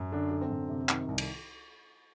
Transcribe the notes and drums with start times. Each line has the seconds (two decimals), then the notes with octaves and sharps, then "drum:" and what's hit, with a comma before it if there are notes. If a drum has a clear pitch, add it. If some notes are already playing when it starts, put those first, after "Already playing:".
Already playing: F#2
0.12 D3 D4
0.31 D3
0.41 C4
0.50 F#2
0.69 C3
0.89 D#3, drum: clap
1.08 C2
1.18 drum: cymbal